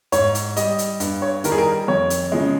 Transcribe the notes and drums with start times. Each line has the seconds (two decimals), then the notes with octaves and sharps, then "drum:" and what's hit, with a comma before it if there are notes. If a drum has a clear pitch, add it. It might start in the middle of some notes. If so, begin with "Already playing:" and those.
0.12 G#2 C#5, drum: hi-hat
0.35 drum: hi-hat
0.57 G3 D#5, drum: hi-hat
0.79 drum: hi-hat
1.00 G2, drum: hi-hat
1.22 C#5
1.44 D#3 G3 A#4, drum: hi-hat
1.52 G#4
1.58 A#4
1.88 F2 C#5
2.10 drum: hi-hat
2.32 C#3 F3 G#3